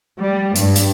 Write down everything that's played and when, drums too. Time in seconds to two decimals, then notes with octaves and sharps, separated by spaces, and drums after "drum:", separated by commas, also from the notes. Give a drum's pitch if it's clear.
0.18 G3
0.56 G2, drum: hi-hat
0.76 drum: hi-hat